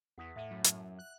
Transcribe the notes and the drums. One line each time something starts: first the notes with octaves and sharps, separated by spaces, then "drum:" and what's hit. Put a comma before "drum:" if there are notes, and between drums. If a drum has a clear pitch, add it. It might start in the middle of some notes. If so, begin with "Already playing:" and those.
E2 F#5 D#6 B6
A2 E5 F#5 D#7
F#2
drum: hi-hat
F#6